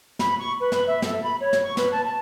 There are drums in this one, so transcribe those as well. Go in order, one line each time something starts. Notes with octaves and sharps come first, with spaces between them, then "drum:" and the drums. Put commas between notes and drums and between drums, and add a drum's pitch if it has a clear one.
B5, drum: snare
C#6
B4
B4, drum: snare
E5
A4, drum: snare
B5
C#5
drum: snare
C#6
B4, drum: snare
A5
A5